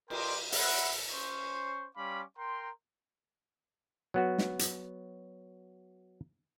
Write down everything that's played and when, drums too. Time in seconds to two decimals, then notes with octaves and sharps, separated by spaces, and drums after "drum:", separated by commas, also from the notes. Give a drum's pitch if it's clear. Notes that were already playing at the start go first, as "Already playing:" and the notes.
0.10 A#4 D5 D#5 G5 C6, drum: cymbal
0.52 E5 F#5 B5, drum: open hi-hat
1.11 C#4 C5 C#6
1.97 G3 C#4 F5 B5 C6 D6
2.38 A#4 G5 A#5 C6
4.14 F#3 B3 F#4
4.38 drum: snare
4.59 drum: hi-hat